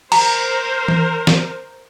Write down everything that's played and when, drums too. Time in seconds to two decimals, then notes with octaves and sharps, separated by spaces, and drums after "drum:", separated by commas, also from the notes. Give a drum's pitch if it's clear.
0.12 A#4 C5 A#5, drum: cymbal
0.88 drum: tom E3
1.27 drum: snare